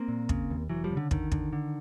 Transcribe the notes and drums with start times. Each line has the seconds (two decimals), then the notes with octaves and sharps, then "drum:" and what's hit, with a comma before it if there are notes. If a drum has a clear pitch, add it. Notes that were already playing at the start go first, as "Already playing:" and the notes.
Already playing: A#3 C4
0.08 A#2
0.29 C#3, drum: kick
0.50 D#2
0.70 F1 E3 F#3
0.84 F3 G3
0.91 C#3
0.97 D3
1.11 D3 D#3, drum: kick
1.32 D3, drum: kick
1.53 D3